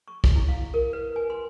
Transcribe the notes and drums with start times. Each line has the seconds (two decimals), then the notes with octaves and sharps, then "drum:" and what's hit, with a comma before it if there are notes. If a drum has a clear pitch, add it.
0.08 C#6
0.24 drum: kick
0.36 E4
0.49 F5
0.74 A#4
0.93 B4
1.16 G#5
1.30 C6